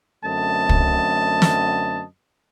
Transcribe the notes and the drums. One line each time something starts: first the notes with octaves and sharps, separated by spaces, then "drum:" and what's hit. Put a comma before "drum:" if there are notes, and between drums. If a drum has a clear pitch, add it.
F#2 D3 A3 C4 D#5 A5
drum: kick
drum: snare